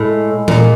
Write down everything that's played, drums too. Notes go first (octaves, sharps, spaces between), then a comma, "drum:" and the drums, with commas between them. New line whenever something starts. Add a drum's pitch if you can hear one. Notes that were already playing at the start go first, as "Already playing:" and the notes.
Already playing: A2 G#3
A#2, drum: tom E3